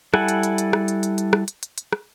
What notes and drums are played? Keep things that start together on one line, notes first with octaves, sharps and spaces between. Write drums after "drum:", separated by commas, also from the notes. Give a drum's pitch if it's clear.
G3 E4 A4 F#5 G#5, drum: rim click
drum: hi-hat
drum: hi-hat
drum: hi-hat
drum: rim click
drum: hi-hat
drum: hi-hat
drum: hi-hat
drum: rim click
drum: hi-hat
drum: hi-hat
drum: hi-hat
drum: rim click